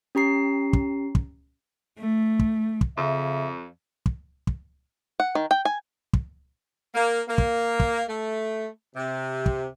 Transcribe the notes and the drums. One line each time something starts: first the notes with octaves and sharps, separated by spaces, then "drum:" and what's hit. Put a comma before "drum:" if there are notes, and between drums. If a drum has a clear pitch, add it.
C#4 G4 A#5 C7
drum: kick
drum: kick
A3
drum: kick
drum: kick
F2 C#3 E5
drum: kick
drum: kick
F#5
D#3
G5
G#5
drum: kick
A#3
A#3
drum: kick
drum: kick
A3
C3
drum: kick